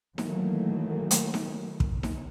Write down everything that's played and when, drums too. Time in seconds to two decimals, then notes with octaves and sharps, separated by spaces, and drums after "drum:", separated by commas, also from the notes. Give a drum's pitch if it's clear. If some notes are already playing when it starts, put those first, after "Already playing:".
0.18 D#3 E3 F#3 A3 A#3, drum: snare D#4
1.11 drum: hi-hat
1.34 drum: snare D#4
1.80 drum: kick
2.03 drum: snare D#4